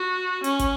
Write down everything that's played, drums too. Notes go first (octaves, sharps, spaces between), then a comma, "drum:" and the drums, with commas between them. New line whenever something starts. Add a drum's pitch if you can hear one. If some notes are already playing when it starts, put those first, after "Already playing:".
Already playing: F#4
C#4, drum: hi-hat
drum: kick, hi-hat